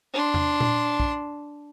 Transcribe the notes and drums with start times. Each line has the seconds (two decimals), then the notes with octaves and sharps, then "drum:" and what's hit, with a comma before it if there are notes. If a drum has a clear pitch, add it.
0.14 D4 C6
0.34 drum: tom E2
0.61 drum: tom A#2
1.00 drum: kick